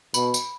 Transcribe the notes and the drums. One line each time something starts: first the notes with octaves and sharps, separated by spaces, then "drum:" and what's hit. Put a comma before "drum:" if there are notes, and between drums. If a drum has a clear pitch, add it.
B2 B5, drum: tambourine
drum: tambourine